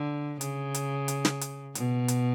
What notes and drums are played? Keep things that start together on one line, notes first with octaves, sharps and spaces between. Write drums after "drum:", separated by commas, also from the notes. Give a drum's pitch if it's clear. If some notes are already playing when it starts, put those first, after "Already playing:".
Already playing: D3
C#3, drum: hi-hat
drum: hi-hat
drum: hi-hat
drum: snare
drum: hi-hat
B2, drum: hi-hat
drum: hi-hat